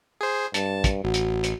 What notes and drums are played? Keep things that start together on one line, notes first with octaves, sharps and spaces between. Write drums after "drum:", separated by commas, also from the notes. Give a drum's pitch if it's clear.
G#4 C5
G2 A5, drum: hi-hat
drum: kick, hi-hat
A1 F#4
drum: hi-hat
drum: hi-hat